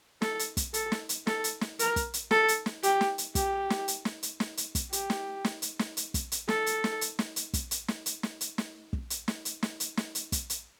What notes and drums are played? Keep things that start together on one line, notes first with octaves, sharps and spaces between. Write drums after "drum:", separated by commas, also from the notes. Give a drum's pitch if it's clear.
A4, drum: snare
drum: hi-hat
drum: kick, hi-hat
A4, drum: hi-hat
drum: snare
drum: hi-hat
A4, drum: snare
drum: hi-hat
drum: snare
A#4, drum: hi-hat
drum: kick, hi-hat
drum: hi-hat
A4, drum: snare
drum: hi-hat
drum: snare
G4, drum: hi-hat
drum: snare
drum: hi-hat
G4, drum: kick, hi-hat
drum: snare
drum: hi-hat
drum: snare
drum: hi-hat
drum: snare
drum: hi-hat
drum: kick, hi-hat
G4, drum: hi-hat
drum: snare
drum: snare
drum: hi-hat
drum: snare
drum: hi-hat
drum: kick, hi-hat
drum: hi-hat
A4, drum: snare
drum: hi-hat
drum: snare
drum: hi-hat
drum: snare
drum: hi-hat
drum: kick, hi-hat
drum: hi-hat
drum: snare
drum: hi-hat
drum: snare
drum: hi-hat
drum: snare
drum: kick
drum: hi-hat
drum: snare
drum: hi-hat
drum: snare
drum: hi-hat
drum: snare
drum: hi-hat
drum: kick, hi-hat
drum: hi-hat